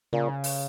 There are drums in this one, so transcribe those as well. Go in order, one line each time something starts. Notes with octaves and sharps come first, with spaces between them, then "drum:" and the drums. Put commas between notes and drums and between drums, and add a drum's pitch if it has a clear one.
A#2 C#3
drum: open hi-hat